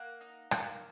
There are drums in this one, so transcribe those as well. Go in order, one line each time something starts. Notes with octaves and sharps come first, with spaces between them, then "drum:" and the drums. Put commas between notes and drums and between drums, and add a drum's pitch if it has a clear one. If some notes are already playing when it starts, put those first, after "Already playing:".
Already playing: A#3 F#5 F#6
D#4
A#3, drum: rim click